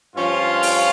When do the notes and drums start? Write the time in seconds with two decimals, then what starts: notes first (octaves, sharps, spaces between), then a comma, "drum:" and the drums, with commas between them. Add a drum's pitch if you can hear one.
0.16 G2 F3 C#4 F4
0.63 drum: open hi-hat